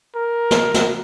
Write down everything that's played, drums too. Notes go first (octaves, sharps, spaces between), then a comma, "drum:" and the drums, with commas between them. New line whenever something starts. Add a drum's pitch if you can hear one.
A#4
drum: snare
drum: snare